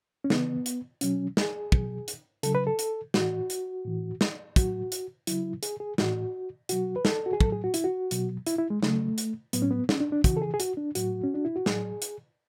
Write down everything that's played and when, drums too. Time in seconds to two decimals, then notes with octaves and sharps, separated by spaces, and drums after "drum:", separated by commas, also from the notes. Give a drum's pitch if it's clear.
0.24 C#4
0.30 C#3 E3 B3, drum: snare
0.66 drum: hi-hat
1.01 B2 F#3 C#4, drum: hi-hat
1.37 G#4, drum: snare
1.72 B2 F#3, drum: kick
2.08 drum: hi-hat
2.43 C#3 F#3 A4, drum: hi-hat
2.55 B4
2.67 A4
2.79 drum: hi-hat
3.14 A2 E3 F#4, drum: snare
3.50 drum: hi-hat
3.85 A2 E3
4.21 drum: snare
4.56 A2 F#3 F#4, drum: kick, hi-hat
4.92 drum: hi-hat
5.27 C#3 F#3 E4, drum: hi-hat
5.63 G#4, drum: hi-hat
5.80 G#4
5.98 A2 E3 F#4, drum: snare
6.69 B2 F#3 F#4, drum: hi-hat
6.96 B4
7.05 A4, drum: snare
7.26 F#4
7.33 G#4
7.40 A2 F#3 A4, drum: kick
7.52 G#4
7.64 F#4
7.74 E4, drum: hi-hat
7.84 F#4
8.11 B2 F#3, drum: hi-hat
8.46 E4, drum: hi-hat
8.58 E4
8.70 G#3
8.83 C#3 F#3 A3, drum: snare
9.18 drum: hi-hat
9.53 A2 F#3 B3, drum: hi-hat
9.62 C#4
9.71 B3
9.89 C#4, drum: snare
10.00 D4
10.12 D4
10.24 C#3 E3 F#4, drum: kick, hi-hat
10.37 A4
10.42 G#4
10.54 G#4
10.60 F#4, drum: hi-hat
10.77 D4
10.95 A2 F#3 F#4, drum: hi-hat
11.24 C#4
11.34 D4
11.45 E4
11.56 F#4
11.66 A2 F#3 G#4, drum: snare
12.02 drum: hi-hat